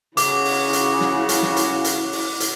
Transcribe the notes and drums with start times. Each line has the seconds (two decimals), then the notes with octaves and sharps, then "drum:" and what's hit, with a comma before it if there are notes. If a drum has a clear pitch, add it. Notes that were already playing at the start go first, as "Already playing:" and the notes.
0.17 C#3 E4 F#4 D6, drum: hi-hat
0.45 drum: open hi-hat
0.73 drum: hi-hat
1.01 drum: snare
1.29 drum: hi-hat
1.43 drum: snare
1.57 drum: hi-hat
1.84 drum: hi-hat
2.12 drum: open hi-hat
2.40 drum: hi-hat